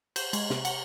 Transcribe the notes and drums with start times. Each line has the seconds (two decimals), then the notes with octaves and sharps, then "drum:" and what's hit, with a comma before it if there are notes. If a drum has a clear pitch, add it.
0.16 C5, drum: cymbal
0.33 G#3, drum: cymbal
0.50 C3, drum: snare
0.65 F#5, drum: cymbal